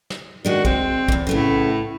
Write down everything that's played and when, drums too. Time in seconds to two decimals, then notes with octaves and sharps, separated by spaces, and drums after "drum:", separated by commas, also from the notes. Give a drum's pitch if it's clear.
0.10 drum: snare
0.45 D#3 G#3 D4 F#4
0.65 G#3 C4, drum: kick A#1
1.08 E2 G#2, drum: kick A#1
1.27 A2 C#3 A3 B3